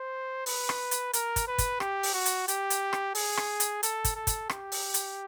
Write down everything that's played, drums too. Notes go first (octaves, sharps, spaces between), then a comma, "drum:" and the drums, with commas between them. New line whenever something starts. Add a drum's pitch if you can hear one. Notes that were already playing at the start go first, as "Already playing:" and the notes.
Already playing: C5
B4, drum: open hi-hat
drum: rim click
drum: hi-hat
A#4, drum: hi-hat
drum: kick, hi-hat
B4
drum: kick, hi-hat
G4, drum: rim click
drum: open hi-hat
F#4
drum: hi-hat
G4, drum: hi-hat
drum: hi-hat
drum: rim click
G#4, drum: open hi-hat
drum: rim click
drum: hi-hat
A4, drum: hi-hat
drum: kick, hi-hat
A4
drum: kick, hi-hat
G4, drum: rim click
drum: open hi-hat
drum: hi-hat